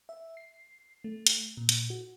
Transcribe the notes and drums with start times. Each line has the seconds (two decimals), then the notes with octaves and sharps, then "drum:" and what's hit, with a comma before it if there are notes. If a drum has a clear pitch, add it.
0.09 E5
0.37 C7
1.04 A3
1.27 drum: hi-hat
1.57 A#2
1.69 drum: hi-hat
1.90 F#4